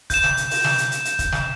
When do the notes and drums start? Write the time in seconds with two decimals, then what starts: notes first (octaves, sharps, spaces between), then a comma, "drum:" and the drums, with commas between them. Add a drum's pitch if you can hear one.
0.10 G6 E7, drum: kick, hi-hat
0.24 drum: snare
0.37 drum: hi-hat
0.51 drum: open hi-hat
0.64 drum: snare
0.78 drum: hi-hat
0.92 drum: hi-hat
1.05 drum: hi-hat
1.19 drum: kick, hi-hat
1.32 drum: snare